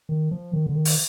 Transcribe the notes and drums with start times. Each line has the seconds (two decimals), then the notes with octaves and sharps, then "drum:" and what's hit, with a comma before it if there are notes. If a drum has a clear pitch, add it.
0.09 D#3
0.31 F3
0.53 D#3
0.66 D3
0.75 D#3
0.85 drum: open hi-hat